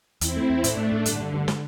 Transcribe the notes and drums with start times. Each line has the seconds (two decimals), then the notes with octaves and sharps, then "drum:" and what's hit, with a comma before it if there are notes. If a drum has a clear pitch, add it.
0.21 E2 C4 E4, drum: hi-hat
0.36 A3
0.50 E2
0.64 A2 A3 D4, drum: hi-hat
0.77 A2
0.92 A2
1.06 G2 D3, drum: hi-hat
1.20 G2
1.34 G2
1.48 D3, drum: snare